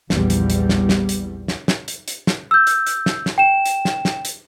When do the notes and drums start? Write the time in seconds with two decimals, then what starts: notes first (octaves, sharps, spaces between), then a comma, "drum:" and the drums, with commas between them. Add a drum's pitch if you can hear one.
0.10 A#1 E2 G3, drum: snare
0.30 drum: hi-hat
0.50 drum: hi-hat
0.69 drum: snare
0.89 drum: snare
1.09 drum: hi-hat
1.48 drum: snare
1.68 drum: snare
1.88 drum: hi-hat
2.08 drum: hi-hat
2.27 drum: snare
2.51 E6 G6
2.67 drum: hi-hat
2.87 drum: hi-hat
3.06 drum: snare
3.26 drum: snare
3.38 G5 E7
3.66 drum: hi-hat
3.85 drum: snare
4.05 drum: snare
4.25 drum: hi-hat